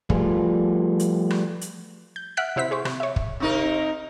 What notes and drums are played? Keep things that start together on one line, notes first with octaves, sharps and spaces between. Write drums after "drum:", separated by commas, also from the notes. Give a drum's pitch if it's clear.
F3 G3 A3 F4 G#4 B4, drum: kick
drum: hi-hat
drum: rim click
drum: hi-hat
G6
E5 F#5 F6 F#6 B6 D7
C3 E4 C5 E5 B6
G#4 C5 C#6
C3, drum: rim click
C#5 E5
drum: kick
C3 D#4 A#4